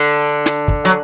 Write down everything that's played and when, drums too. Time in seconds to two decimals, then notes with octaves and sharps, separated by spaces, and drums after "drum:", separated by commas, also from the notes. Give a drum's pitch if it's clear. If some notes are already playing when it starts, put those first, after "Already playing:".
Already playing: D3
0.46 drum: snare
0.68 drum: kick
0.85 F#3